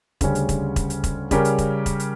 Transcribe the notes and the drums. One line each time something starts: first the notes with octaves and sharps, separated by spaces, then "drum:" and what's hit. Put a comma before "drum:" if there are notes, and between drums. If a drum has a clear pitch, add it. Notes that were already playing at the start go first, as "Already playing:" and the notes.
D2 C#3 G3 C#4, drum: kick E1, hi-hat
drum: hi-hat
drum: kick E1, hi-hat
drum: kick E1, hi-hat
drum: hi-hat
drum: kick E1, hi-hat
C#3 G3 C#4 G4 A#4, drum: kick E1, hi-hat
drum: hi-hat
drum: kick E1, hi-hat
drum: kick E1, hi-hat
drum: hi-hat